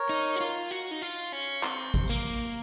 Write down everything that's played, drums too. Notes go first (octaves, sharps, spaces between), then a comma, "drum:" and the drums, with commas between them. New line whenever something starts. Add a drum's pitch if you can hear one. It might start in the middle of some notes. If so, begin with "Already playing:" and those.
Already playing: A#4 C#5
D#4
F#4
F4
F#4
D#4
F4
C#4
C4, drum: clap
drum: kick G#1
A#3